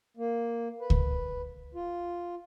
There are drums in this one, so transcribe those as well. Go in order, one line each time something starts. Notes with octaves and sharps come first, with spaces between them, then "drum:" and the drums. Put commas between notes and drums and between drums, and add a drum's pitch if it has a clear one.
A#3
B4
drum: kick C#2
F4